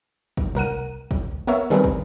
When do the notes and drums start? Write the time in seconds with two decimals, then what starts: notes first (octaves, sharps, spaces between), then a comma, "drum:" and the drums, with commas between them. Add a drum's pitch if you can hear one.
0.37 drum: kick
0.55 C2 A#4 F#5 D#7
1.11 drum: kick
1.47 B3 A#4 C#5 E5
1.70 D#3 G3 C4 G#4 A#4 B4
1.84 drum: kick